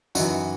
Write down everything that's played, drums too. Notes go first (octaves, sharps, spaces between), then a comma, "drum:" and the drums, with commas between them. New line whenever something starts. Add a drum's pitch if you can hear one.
F#2 E3 D#4 F#4, drum: tambourine